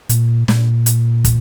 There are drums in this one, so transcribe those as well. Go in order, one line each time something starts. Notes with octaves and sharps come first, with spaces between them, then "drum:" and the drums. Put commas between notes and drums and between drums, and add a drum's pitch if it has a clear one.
A#2, drum: hi-hat
A#2, drum: snare
drum: hi-hat
drum: kick, hi-hat